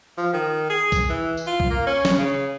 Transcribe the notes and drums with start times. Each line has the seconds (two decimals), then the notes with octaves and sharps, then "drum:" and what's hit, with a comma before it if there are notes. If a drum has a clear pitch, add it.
0.17 F3
0.33 D#3
0.70 G#4
0.92 drum: kick C2, tambourine
1.09 E3
1.37 drum: tambourine
1.47 F4
1.60 drum: kick C2
1.70 A#3
1.87 C#4
2.05 drum: snare
2.19 C#3